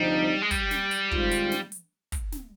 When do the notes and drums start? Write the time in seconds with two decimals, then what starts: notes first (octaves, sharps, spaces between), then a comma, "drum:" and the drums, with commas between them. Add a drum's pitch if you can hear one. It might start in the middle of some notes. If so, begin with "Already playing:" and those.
Already playing: D2 C3 F3 G3 C4 D#4
0.42 G#3
0.51 G3, drum: kick, hi-hat
0.71 drum: snare
0.91 drum: hi-hat
1.11 G#2 D#3 G#3 C4 F4, drum: kick
1.31 drum: hi-hat
1.52 drum: snare
1.72 drum: hi-hat
2.12 drum: kick, hi-hat
2.32 drum: snare